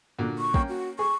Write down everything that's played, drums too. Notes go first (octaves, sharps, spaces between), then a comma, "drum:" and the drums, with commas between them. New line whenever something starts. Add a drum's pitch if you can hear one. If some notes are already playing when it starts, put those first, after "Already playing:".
A#2 D3 F#4
C#6
A#3 C#4 G5, drum: kick
F#4
G#4 C#6